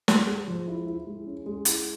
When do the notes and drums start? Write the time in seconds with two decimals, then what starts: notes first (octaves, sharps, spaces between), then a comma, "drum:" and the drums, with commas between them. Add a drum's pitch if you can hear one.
0.08 G#3, drum: snare
0.27 G#3
0.48 F3
0.68 E4
0.87 E4
1.06 G#3
1.26 C#4
1.46 G#3
1.65 E4, drum: hi-hat